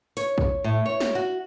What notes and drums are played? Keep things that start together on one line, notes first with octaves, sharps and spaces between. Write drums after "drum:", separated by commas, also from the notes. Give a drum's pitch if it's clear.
C#5, drum: hi-hat
drum: kick A#1
A2
C#5
drum: snare
F#4